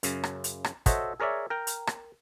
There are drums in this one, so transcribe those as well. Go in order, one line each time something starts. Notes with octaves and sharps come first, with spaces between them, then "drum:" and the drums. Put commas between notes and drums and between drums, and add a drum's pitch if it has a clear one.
F#2 C#3, drum: hi-hat
drum: rim click
drum: hi-hat
drum: rim click
F#4 A4 C5 C#5 D#5 E5, drum: kick, hi-hat
G#4 A#4 C#5 D5 E5
A#4 G5
drum: hi-hat
drum: rim click